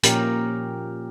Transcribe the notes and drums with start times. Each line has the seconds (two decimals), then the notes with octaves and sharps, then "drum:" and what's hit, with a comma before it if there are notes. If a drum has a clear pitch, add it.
0.03 A#2 F3 A#3 C#4 G4 A#4, drum: hi-hat